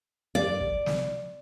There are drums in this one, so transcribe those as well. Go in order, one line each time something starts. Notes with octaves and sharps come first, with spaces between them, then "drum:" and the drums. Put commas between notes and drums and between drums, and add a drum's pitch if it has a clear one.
D5
drum: kick
drum: snare